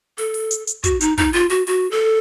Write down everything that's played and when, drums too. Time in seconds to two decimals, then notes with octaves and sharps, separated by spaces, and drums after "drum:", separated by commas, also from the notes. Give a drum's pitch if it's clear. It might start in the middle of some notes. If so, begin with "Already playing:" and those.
0.18 A4, drum: open hi-hat
0.34 drum: open hi-hat
0.51 drum: hi-hat
0.67 drum: hi-hat
0.84 F#4, drum: kick, hi-hat
1.01 D#4, drum: hi-hat
1.18 D#4, drum: kick, open hi-hat
1.33 F4, drum: open hi-hat
1.50 F#4, drum: open hi-hat
1.67 F#4, drum: open hi-hat
1.91 A4